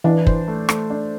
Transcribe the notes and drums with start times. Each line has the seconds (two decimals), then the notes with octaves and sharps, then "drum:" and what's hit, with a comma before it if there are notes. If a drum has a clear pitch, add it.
0.04 E3 D4
0.27 C5, drum: kick
0.48 A3
0.69 A3, drum: rim click
0.90 D4